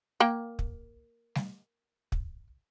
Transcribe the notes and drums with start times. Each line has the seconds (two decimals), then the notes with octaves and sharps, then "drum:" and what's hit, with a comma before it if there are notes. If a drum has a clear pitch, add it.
0.20 A#3 G5
0.59 drum: kick
1.35 drum: snare G3
2.12 drum: kick